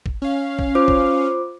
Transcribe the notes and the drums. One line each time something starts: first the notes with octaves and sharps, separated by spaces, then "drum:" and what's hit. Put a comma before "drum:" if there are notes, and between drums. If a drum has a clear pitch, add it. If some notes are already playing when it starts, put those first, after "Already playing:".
drum: kick A1
C#4 F5
drum: kick A1
F4 C5 D6
drum: kick A1